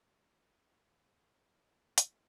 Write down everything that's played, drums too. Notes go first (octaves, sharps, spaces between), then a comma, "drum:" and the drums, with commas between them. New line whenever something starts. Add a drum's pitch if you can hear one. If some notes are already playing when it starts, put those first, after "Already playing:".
F#5 A#5 F6 G6 G#6 A#6
drum: hi-hat